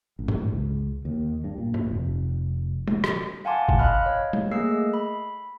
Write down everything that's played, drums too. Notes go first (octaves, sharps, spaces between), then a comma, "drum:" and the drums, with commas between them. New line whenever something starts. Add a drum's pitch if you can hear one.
A1
drum: tom
C#2
D#2
G2
A#2
drum: tom
F1
drum: tom G3
drum: rim click
F5 F#5 G#5 A5 C6 D6
drum: kick G1
D#5 F5 B5 F6 F#6
C#5
drum: tom G3
A3 A#3 G#4 D#5 E6 C7
B5